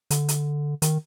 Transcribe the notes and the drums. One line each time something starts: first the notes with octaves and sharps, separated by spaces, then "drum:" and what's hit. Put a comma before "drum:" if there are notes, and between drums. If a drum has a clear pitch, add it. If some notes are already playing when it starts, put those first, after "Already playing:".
D3, drum: hi-hat
drum: hi-hat
D#3, drum: hi-hat